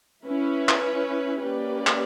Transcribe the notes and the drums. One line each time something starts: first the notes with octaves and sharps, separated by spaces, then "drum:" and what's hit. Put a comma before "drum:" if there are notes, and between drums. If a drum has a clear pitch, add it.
C#4 E4 B4
drum: clap
A#3 C#4 G4 B4 D5
drum: clap